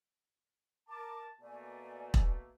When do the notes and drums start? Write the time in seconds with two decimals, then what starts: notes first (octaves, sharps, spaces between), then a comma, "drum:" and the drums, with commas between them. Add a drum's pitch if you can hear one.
0.89 A#4 A5 D6
1.41 B2 A3 A#3 D5 G#5
2.14 drum: kick E1